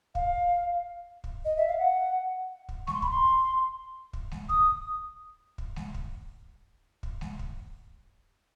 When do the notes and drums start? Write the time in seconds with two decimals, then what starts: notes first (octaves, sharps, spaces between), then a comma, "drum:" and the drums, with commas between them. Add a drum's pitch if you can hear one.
0.15 F5, drum: kick
1.24 drum: kick
1.45 D#5
1.57 E5
1.68 F5
1.79 F#5
2.69 drum: kick
2.87 C#6, drum: snare G#3
2.94 C6
3.02 B5, drum: kick
3.10 C6
4.13 drum: kick
4.31 drum: snare G#3
4.49 D#6, drum: kick
5.58 drum: kick
5.76 drum: snare G#3
5.94 drum: kick
7.03 drum: kick
7.21 drum: snare G#3
7.39 drum: kick